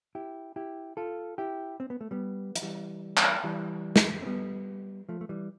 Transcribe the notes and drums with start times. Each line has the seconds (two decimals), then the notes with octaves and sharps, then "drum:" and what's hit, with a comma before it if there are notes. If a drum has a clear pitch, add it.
0.15 E4 G4
0.56 E4 G4
0.97 F4 A4
1.38 E4 G4
1.80 C4
1.90 B3
2.01 A3
2.11 G3 B3
2.56 F3, drum: hi-hat
2.62 E3 G3
3.17 drum: clap
3.44 E3 G3
3.96 drum: snare
4.22 C4
4.26 G3 B3
5.09 F3 A3
5.21 A3
5.29 E3 G3